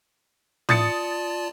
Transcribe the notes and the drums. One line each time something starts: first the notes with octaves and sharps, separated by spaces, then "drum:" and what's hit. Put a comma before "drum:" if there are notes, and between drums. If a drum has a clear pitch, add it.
F4 D5 A5 D#6 A6 C#7, drum: tom A2